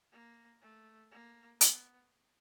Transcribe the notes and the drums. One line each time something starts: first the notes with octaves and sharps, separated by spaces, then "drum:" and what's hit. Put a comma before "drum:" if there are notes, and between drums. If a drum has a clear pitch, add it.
A#3
A3
A#3
B3, drum: hi-hat